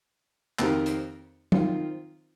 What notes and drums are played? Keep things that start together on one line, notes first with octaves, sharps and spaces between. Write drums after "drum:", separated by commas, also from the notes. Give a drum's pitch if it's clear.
F2 D#3 C4 G4 A#4, drum: clap
drum: hi-hat
D#3 C4 F4, drum: tom